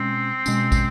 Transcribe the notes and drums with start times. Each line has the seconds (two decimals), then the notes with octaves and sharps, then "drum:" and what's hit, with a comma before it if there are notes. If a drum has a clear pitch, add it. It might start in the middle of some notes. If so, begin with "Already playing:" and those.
Already playing: B2 G#3 C4 C#4
0.46 B2 G#3 C#4, drum: tambourine
0.72 drum: kick, tambourine